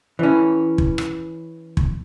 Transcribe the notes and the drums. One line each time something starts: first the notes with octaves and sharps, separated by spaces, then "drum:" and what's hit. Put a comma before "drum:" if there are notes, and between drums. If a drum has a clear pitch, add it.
E3 C#4
drum: kick
drum: rim click
drum: kick